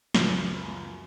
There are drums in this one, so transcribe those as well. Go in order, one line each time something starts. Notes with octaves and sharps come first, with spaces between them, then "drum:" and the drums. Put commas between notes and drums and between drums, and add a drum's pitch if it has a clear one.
C#2 F#2, drum: snare